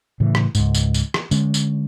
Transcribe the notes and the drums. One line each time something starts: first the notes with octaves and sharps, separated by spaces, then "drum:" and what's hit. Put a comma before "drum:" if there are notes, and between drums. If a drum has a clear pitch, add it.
A2 C#3 E3
drum: rim click
C#2 G#2, drum: tambourine
drum: tambourine
drum: tambourine
drum: rim click
D3 G#3 C#4, drum: tambourine
drum: tambourine